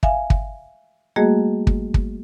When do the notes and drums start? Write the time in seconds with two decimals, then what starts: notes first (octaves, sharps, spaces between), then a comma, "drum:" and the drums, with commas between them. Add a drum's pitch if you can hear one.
0.03 E5 F5 G#5, drum: kick
0.30 drum: kick
1.16 G3 A3 A#3 F#4 G#4 D#5
1.67 drum: kick
1.94 drum: kick